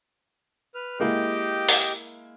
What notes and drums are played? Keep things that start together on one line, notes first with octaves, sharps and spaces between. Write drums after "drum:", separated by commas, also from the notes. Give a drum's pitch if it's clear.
B4 F6
G#3 A#3 E4 G4 D#5 G5
drum: open hi-hat